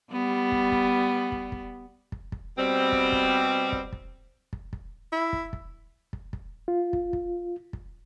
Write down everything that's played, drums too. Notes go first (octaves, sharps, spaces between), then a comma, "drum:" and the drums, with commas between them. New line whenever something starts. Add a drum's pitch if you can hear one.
G3 B3
drum: kick
drum: kick
drum: kick
drum: kick
drum: kick
drum: kick
B2 G3 C4
drum: kick
drum: kick
drum: kick
drum: kick
drum: kick
drum: kick
E4
drum: kick
drum: kick
drum: kick
drum: kick
F4
drum: kick
drum: kick
drum: kick